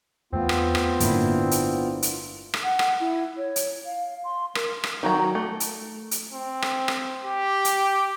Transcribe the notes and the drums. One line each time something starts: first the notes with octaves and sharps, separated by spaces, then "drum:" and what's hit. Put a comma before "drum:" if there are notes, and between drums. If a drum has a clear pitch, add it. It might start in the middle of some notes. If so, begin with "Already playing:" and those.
E2 A3 B3 C4 F4
drum: rim click
drum: rim click
G1 A2 A#3 D4 E4, drum: hi-hat
drum: hi-hat
drum: hi-hat
drum: rim click
F#5
drum: rim click
E4
C#5
drum: hi-hat
F5
C6
A#4, drum: rim click
drum: rim click
D#3 F#3 A#5
A3
drum: hi-hat
drum: hi-hat
C4
drum: rim click
drum: rim click
G4
drum: hi-hat